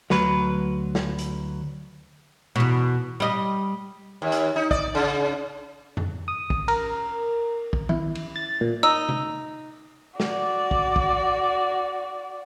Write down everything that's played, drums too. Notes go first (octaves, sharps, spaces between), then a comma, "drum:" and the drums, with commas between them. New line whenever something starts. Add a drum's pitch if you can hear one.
D2 F#3 B4, drum: snare
drum: snare
drum: hi-hat
E2 B2
G3 D#5
D#2
drum: hi-hat
D#4
D5, drum: kick
C#3
drum: tom F2
D#6
drum: kick
A#4, drum: cymbal
drum: kick
E4, drum: tom D#3
drum: cymbal
A6
A#2
D#4 E6
drum: tom C3
F#4 D5, drum: snare
drum: kick
drum: kick